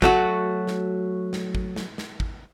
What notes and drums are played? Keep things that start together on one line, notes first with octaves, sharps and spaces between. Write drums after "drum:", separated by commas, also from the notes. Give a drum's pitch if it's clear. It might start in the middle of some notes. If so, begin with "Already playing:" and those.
F#3 A3 F#4, drum: kick
drum: snare
drum: snare
drum: kick
drum: snare
drum: snare
drum: kick